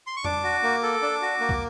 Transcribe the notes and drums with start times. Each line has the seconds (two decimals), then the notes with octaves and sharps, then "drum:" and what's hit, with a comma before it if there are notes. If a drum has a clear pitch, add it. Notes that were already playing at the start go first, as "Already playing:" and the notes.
0.07 C6
0.17 C#6
0.24 D4 D6, drum: tom F2
0.44 F#4
0.63 A#3
0.83 A4
1.02 D4
1.22 F#4
1.40 A#3
1.49 drum: kick